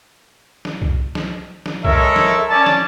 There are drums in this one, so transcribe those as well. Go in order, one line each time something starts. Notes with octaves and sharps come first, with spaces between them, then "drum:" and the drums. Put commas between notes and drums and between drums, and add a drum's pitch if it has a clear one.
drum: snare
drum: kick
drum: snare
drum: snare
G#3 A4 A#4 C#5 E5, drum: kick
drum: snare
C#4 D5 A5
drum: snare